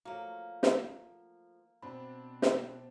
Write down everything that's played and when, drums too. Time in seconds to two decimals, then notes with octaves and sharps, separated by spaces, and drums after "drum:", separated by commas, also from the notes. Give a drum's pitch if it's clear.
0.05 F3 F#3 A3 A#3 F#4
0.63 drum: snare
1.82 B2 C4 D4 B5
2.42 drum: snare